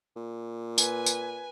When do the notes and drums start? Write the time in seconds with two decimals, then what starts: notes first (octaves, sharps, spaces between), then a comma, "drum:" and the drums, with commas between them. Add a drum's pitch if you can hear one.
0.16 A#2
0.78 B4 G#5, drum: tambourine
1.06 drum: tambourine